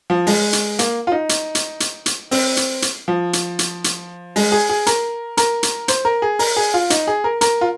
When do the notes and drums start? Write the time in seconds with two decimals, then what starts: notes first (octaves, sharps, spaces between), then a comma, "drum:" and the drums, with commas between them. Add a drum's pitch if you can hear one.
0.10 F3
0.27 G#3, drum: open hi-hat
0.53 drum: hi-hat
0.79 A#3, drum: hi-hat
1.07 F4
1.12 D#4
1.29 drum: hi-hat
1.55 drum: hi-hat
1.80 drum: hi-hat
2.06 drum: hi-hat
2.31 C4, drum: open hi-hat
2.57 drum: hi-hat
2.82 drum: hi-hat
3.08 F3
3.33 drum: hi-hat
3.59 drum: hi-hat
3.84 drum: hi-hat
4.36 G#3, drum: open hi-hat
4.52 G#4
4.69 G#4
4.86 A#4, drum: hi-hat
5.37 A#4, drum: hi-hat
5.63 drum: hi-hat
5.88 C5, drum: hi-hat
6.05 A#4
6.22 G#4
6.39 A#4, drum: open hi-hat
6.56 G#4
6.74 F4
6.90 D#4, drum: hi-hat
7.07 G#4
7.24 A#4
7.41 A#4, drum: hi-hat
7.61 F4